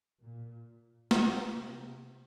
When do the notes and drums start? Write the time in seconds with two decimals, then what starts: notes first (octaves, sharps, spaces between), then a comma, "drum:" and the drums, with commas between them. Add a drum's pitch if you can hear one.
0.23 A#2
1.11 B2, drum: snare
1.55 C3